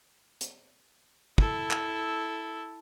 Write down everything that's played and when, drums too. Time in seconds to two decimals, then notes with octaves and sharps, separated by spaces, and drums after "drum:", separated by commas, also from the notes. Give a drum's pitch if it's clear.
0.41 drum: hi-hat
1.38 E4 A4, drum: kick
1.71 drum: clap